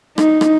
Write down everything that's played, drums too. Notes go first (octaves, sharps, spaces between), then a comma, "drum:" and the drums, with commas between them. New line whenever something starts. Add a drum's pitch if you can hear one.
D#4, drum: rim click
drum: rim click